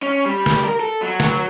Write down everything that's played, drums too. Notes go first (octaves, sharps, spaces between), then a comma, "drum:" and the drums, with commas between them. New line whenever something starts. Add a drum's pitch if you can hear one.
C#4
G3
drum: snare
A#4
A4
F#3
drum: snare